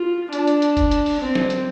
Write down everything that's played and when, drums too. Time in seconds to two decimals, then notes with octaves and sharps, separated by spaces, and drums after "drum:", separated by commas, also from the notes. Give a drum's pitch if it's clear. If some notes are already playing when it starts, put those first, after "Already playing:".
Already playing: F4
0.33 D4, drum: hi-hat
0.47 drum: hi-hat
0.62 drum: hi-hat
0.77 drum: kick F1, hi-hat
0.91 drum: hi-hat
1.06 drum: open hi-hat
1.21 C4
1.35 drum: snare
1.50 drum: hi-hat